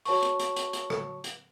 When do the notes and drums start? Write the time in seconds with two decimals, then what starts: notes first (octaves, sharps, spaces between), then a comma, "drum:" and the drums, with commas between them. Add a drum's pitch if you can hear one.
0.05 F#4 C#5 A5 C#6, drum: open hi-hat
0.23 drum: hi-hat
0.40 drum: hi-hat
0.56 drum: hi-hat
0.73 drum: hi-hat
0.90 drum: rim click
1.24 drum: hi-hat